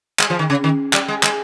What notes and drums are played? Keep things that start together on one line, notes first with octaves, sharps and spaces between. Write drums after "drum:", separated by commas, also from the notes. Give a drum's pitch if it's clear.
G#3, drum: clap
F3
D#3
C#3
D#3
G3, drum: clap
G#3
G#3, drum: clap